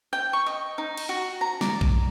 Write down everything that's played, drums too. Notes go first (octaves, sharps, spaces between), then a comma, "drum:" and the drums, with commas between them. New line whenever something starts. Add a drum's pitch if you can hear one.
G5
C#6
D#5
D#4
drum: cymbal
F#4
A#5
D5, drum: snare
drum: kick